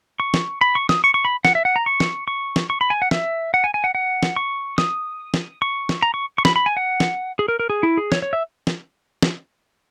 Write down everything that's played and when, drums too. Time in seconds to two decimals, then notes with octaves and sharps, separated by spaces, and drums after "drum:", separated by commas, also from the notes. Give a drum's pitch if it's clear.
0.20 C#6
0.34 drum: snare
0.61 B5
0.75 C#6
0.89 D#6, drum: snare
1.04 C#6
1.14 C#6
1.25 B5
1.45 F#5, drum: snare
1.55 E5
1.65 F#5
1.76 A#5
1.86 C#6
2.00 drum: snare
2.28 C#6
2.56 drum: snare
2.70 C#6
2.81 B5
2.90 G#5
3.02 F#5
3.11 E5, drum: snare
3.54 F#5
3.64 G#5
3.74 G#5
3.84 F#5
3.95 F#5
4.23 drum: snare
4.36 C#6
4.78 D#6, drum: snare
5.34 drum: snare
5.62 C#6
5.89 drum: snare
6.02 A#5
6.14 C#6
6.38 C#6
6.45 B5, drum: snare
6.56 B5
6.66 G#5
6.77 F#5
7.00 drum: snare
7.39 G#4
7.48 A#4
7.59 A#4
7.70 G#4
7.83 E4
7.97 G#4
8.12 C#5, drum: snare
8.22 C#5
8.33 E5
8.67 drum: snare
9.22 drum: snare